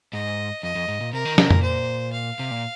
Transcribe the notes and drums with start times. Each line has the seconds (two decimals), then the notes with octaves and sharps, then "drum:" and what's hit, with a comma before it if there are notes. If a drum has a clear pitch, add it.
0.13 G#2 D#5
0.63 F2 D#5
0.75 F2
0.88 G#2
1.01 A#2
1.13 C3 A#4
1.25 D#3
1.38 C3, drum: snare
1.50 A#2, drum: tom F2
1.63 C5
2.12 F5
2.39 C3
2.51 A#2